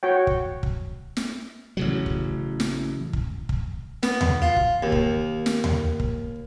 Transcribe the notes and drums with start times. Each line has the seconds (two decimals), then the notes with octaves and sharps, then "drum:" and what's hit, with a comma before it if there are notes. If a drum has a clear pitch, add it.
0.03 F#4 C#5 G5
0.27 drum: kick
0.63 drum: kick
1.17 drum: snare
1.77 A1 C#3 F#3
2.06 drum: kick
2.60 drum: snare
3.13 drum: kick
3.49 drum: kick
4.03 B3, drum: snare
4.21 drum: tom D#2
4.42 F4
4.56 drum: kick
4.83 D#2
4.92 drum: kick
5.46 drum: snare
5.64 drum: tom D#2
6.00 drum: kick